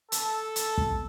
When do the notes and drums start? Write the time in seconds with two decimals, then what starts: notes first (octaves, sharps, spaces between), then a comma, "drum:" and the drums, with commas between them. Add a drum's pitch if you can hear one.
0.12 A4, drum: hi-hat
0.56 drum: hi-hat
0.78 drum: kick